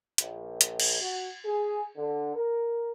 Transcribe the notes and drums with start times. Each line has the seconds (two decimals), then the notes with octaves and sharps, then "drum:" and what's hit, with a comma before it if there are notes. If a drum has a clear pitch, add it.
0.18 A#1, drum: hi-hat
0.61 drum: hi-hat
0.80 drum: cymbal
0.99 F#4
1.44 G#4
1.96 D3
2.36 A#4